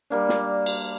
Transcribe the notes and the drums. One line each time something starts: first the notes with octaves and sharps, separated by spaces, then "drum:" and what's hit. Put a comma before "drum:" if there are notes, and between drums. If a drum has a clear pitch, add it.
G3 A#3 D4
drum: snare
drum: cymbal